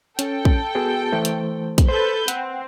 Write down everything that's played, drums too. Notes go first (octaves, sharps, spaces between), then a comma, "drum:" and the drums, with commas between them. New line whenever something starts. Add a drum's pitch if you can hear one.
C#4 A4 G5, drum: hi-hat
drum: kick
B3 F#4 G#4
E3 A3 C5
drum: hi-hat
drum: kick, hi-hat
A4 B4 C5 G6
C4 F#5, drum: hi-hat